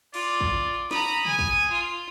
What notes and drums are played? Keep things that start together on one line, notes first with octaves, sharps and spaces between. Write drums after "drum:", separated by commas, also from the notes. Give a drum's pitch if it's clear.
F4 D5, drum: cymbal
drum: kick
A#5 B5 D#6, drum: snare
G#5, drum: tom
drum: kick
F4